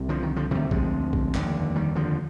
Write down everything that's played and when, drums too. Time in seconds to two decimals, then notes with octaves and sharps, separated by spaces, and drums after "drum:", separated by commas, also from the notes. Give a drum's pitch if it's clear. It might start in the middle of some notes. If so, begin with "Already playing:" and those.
Already playing: C2 C3
0.09 D3 F3
0.23 D#3
0.36 D3 F3
0.51 D2 C3 D#3 G3
0.71 F3 G#3, drum: kick A#1
1.13 drum: kick A#1
1.34 F1 D#2 D3, drum: clap
1.76 D#3 G3
1.95 D3 F3